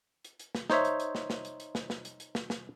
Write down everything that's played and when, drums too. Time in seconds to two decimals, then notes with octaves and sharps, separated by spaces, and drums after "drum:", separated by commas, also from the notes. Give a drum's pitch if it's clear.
0.25 drum: hi-hat
0.40 drum: hi-hat
0.55 drum: snare
0.70 D#4 C5 C#5 E5, drum: snare
0.85 drum: hi-hat
1.00 drum: hi-hat
1.15 drum: snare
1.30 drum: snare
1.45 drum: hi-hat
1.60 drum: hi-hat
1.75 drum: snare
1.90 drum: snare
2.05 drum: hi-hat
2.20 drum: hi-hat
2.35 drum: snare
2.50 drum: snare